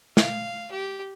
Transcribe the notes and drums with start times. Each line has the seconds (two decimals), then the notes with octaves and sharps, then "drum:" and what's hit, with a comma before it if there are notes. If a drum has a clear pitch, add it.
0.17 F5, drum: snare
0.71 G4